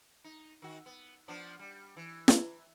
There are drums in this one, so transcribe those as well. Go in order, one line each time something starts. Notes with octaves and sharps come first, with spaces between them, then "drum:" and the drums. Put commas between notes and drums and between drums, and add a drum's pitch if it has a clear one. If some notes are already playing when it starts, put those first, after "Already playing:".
D#4
D#3 F#4
B3
F3 B3 D4
G3
E3
drum: snare